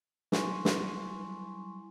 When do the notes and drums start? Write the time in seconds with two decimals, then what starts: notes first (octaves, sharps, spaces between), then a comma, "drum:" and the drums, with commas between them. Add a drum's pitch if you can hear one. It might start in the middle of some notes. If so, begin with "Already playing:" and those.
0.32 F#3 G3 E4 G#5 C6 C#6, drum: snare
0.65 drum: snare